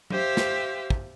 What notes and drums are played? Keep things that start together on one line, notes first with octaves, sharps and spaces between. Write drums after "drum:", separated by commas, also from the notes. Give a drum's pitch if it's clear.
G4 C5 E5 F5, drum: tom F#3
drum: snare
drum: kick